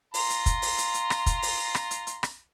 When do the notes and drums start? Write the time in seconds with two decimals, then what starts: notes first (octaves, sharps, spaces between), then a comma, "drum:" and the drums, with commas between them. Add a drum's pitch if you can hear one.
0.14 F4 A#5 C6, drum: open hi-hat
0.30 drum: hi-hat
0.46 drum: kick, hi-hat
0.62 drum: open hi-hat
0.78 drum: hi-hat
0.94 drum: hi-hat
1.10 drum: rim click
1.26 drum: kick, hi-hat
1.42 drum: open hi-hat
1.75 drum: rim click
1.91 drum: hi-hat
2.07 drum: hi-hat
2.23 drum: rim click